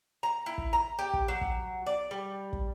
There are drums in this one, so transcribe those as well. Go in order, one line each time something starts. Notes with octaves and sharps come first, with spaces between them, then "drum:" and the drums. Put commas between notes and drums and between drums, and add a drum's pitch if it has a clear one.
A#5
E4
drum: kick
A#5
G4
drum: kick
F#3
drum: kick
D5
G3
drum: kick